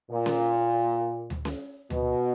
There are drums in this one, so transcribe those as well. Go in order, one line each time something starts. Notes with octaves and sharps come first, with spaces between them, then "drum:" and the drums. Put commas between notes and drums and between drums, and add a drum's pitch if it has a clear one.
A#2
drum: snare C#4
drum: tom D2
drum: snare C#4
B2, drum: tom D2